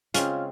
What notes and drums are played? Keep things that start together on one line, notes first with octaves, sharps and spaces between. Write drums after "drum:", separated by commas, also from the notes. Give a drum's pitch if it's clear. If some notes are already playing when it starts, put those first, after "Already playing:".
C#3 G#3 C4 C#4 F4, drum: hi-hat